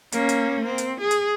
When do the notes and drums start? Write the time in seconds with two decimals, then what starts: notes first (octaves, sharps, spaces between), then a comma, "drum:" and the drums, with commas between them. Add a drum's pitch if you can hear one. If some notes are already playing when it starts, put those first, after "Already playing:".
0.12 A#3 C#4, drum: hi-hat
0.29 drum: hi-hat
0.66 C4
0.78 drum: hi-hat
1.01 G#4
1.11 drum: hi-hat